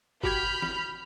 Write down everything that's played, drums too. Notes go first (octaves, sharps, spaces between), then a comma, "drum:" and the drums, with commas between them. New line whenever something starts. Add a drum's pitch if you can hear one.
F#4 G4 B5 F6 G6 G#6, drum: kick F#1
drum: snare